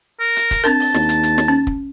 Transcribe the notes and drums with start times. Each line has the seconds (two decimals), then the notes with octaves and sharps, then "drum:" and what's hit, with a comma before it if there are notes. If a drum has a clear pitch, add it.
0.20 A#4
0.36 drum: hi-hat
0.51 drum: kick, hi-hat
0.64 C4 D4 A#4 A5, drum: hi-hat
0.80 drum: open hi-hat
0.94 D#2, drum: snare
1.09 drum: hi-hat
1.23 drum: hi-hat
1.38 drum: snare
1.48 C#4
1.67 drum: kick